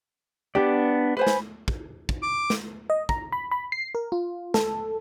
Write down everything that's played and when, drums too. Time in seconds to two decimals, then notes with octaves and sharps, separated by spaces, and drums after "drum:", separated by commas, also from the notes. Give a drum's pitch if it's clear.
0.55 B3 D4 G4 D5
1.17 B4 C5 G#5 B5
1.27 drum: snare
1.68 drum: kick
2.09 drum: kick
2.22 D6
2.50 drum: snare
2.90 D#5
3.09 A#5, drum: kick
3.32 B5
3.51 B5
3.72 C7
3.95 A#4
4.12 F4
4.54 A4, drum: snare